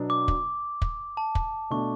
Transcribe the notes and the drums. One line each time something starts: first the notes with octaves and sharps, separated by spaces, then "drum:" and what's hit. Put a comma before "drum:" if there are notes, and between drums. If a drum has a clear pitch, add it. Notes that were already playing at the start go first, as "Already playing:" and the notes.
Already playing: B2 F#3 B3 D4
D6
drum: kick
drum: kick
A5
drum: kick
B2 A3 D4 C#6